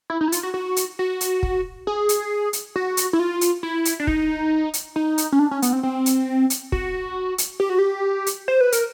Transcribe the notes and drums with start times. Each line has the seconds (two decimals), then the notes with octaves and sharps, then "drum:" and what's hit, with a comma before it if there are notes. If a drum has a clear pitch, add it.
0.10 E4
0.21 D#4
0.28 E4
0.32 F4, drum: hi-hat
0.43 F#4
0.54 F#4
0.76 drum: hi-hat
0.99 F#4
1.21 drum: hi-hat
1.43 drum: kick
1.87 G#4
2.09 drum: hi-hat
2.53 drum: hi-hat
2.76 F#4
2.97 drum: hi-hat
3.13 E4
3.19 F4
3.41 drum: hi-hat
3.63 E4
3.85 drum: hi-hat
4.00 D4
4.07 D#4, drum: kick
4.74 drum: hi-hat
4.96 D#4
5.18 drum: hi-hat
5.32 C#4
5.39 D4
5.51 C#4
5.62 B3, drum: hi-hat
5.73 C4
5.83 C4
6.06 drum: hi-hat
6.50 drum: hi-hat
6.72 F#4, drum: kick
7.38 drum: hi-hat
7.60 G4
7.69 F#4
7.79 G4
8.26 drum: hi-hat
8.48 C5
8.61 B4
8.72 A#4, drum: hi-hat